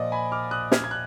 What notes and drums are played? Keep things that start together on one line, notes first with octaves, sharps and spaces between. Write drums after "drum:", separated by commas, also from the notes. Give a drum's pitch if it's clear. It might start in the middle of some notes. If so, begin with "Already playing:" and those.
Already playing: A#2 F3 D5 D#5
G#5 B5
D6 F6
D#6 F#6
F6 G#6, drum: snare
G#6
F#6